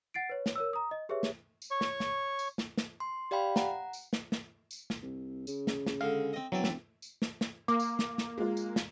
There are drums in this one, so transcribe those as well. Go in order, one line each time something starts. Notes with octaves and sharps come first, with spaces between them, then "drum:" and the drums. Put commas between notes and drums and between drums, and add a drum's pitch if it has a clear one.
F#5 A6 C7 D7
B4 C#5
drum: snare
A#4 C#5 E6
A#5 D#6
D#5
G4 G#4 B4 C#5 E5
drum: snare
drum: tambourine
C#5 C#6
drum: snare
drum: snare
drum: tambourine
drum: snare
drum: snare
C6
G4 D5 F5 G5 B5
F#5 A#5, drum: snare
drum: tambourine
drum: snare
drum: snare
drum: tambourine
drum: snare
C2
C#3, drum: tambourine
drum: snare
drum: snare
D3 G#3 F5
C4 D#5
E1 E3 F#3 C4 D5
drum: snare
drum: tambourine
drum: snare
drum: snare
A#3 D6
drum: tambourine
drum: snare
drum: snare
G#3 F4
drum: tambourine
drum: snare